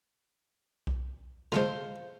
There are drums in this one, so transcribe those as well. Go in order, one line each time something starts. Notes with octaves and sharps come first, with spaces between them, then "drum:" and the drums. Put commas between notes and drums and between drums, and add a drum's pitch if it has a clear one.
drum: kick B1
D3 G#3 F4 A4 C5, drum: snare